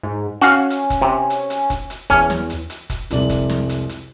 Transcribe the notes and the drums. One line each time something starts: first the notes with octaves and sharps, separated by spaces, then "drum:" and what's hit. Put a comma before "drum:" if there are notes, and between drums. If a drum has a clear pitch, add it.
G#2
C#4 F#4 F5
drum: hi-hat
drum: kick F1, hi-hat
C3
drum: hi-hat
drum: hi-hat
drum: kick F1, hi-hat
drum: hi-hat
E2 C#4, drum: kick F1, hi-hat
drum: snare
drum: hi-hat
drum: hi-hat
drum: kick F1, hi-hat
C2 F2 G3 G#3 D5 F#7, drum: hi-hat
drum: kick F1, hi-hat
drum: snare
drum: hi-hat
drum: hi-hat